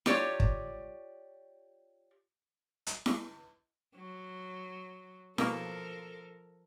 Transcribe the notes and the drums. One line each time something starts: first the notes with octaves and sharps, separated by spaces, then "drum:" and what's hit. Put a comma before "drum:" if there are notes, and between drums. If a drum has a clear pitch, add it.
F4 G4 C#5 D5, drum: snare E4
drum: kick
drum: hi-hat
drum: snare E4
F#3
B2 F3 A#3 A4 A#4, drum: snare E4